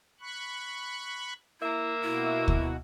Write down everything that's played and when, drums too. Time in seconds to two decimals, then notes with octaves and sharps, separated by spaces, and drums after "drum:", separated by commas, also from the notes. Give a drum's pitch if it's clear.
0.20 B5 C#6 F#6
1.60 A#3 E4 E5
2.02 B2 E4 F#4
2.48 drum: kick